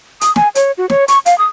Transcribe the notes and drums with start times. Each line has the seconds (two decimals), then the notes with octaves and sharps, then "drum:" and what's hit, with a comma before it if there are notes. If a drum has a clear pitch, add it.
0.21 D#6, drum: hi-hat
0.36 G#5, drum: snare
0.55 C#5, drum: hi-hat
0.78 F#4
0.90 C#5, drum: snare
1.08 C#6, drum: hi-hat
1.26 F5, drum: hi-hat
1.38 D#6